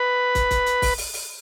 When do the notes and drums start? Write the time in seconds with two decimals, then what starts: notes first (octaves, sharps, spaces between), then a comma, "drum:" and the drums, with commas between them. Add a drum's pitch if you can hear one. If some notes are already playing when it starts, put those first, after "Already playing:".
Already playing: B4
0.35 drum: kick, hi-hat
0.51 drum: kick, hi-hat
0.66 drum: hi-hat
0.82 drum: kick, open hi-hat
0.98 drum: open hi-hat
1.14 drum: open hi-hat